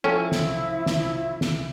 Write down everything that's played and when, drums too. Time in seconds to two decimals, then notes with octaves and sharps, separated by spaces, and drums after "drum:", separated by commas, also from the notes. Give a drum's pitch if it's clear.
0.04 F3 C#4 E4 A4 G5
0.32 drum: snare
0.86 drum: snare
1.41 drum: snare